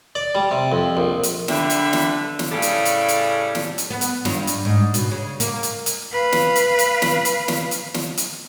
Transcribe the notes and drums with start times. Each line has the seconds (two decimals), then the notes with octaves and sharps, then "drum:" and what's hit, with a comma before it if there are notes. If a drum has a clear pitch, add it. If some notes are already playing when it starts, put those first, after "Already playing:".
0.15 D5
0.35 G3
0.51 C3
0.72 F2
0.97 A#1
1.23 drum: hi-hat
1.48 D3 G3 B4 E5, drum: snare
1.70 drum: hi-hat
1.93 drum: snare
2.39 drum: snare
2.51 A2 C#3 G3 A4
2.62 drum: hi-hat
2.85 drum: hi-hat
3.09 drum: hi-hat
3.55 drum: snare
3.78 drum: hi-hat
3.90 B3
4.01 drum: hi-hat
4.25 G2, drum: snare
4.47 drum: hi-hat
4.65 G#2
4.94 B2, drum: hi-hat
5.11 C#3
5.40 A#3, drum: hi-hat
5.63 drum: hi-hat
5.86 drum: hi-hat
6.11 B4 F5
6.32 drum: snare
6.56 drum: hi-hat
6.79 drum: hi-hat
7.02 drum: snare
7.25 drum: hi-hat
7.48 drum: snare
7.71 drum: hi-hat
7.94 drum: snare
8.18 drum: hi-hat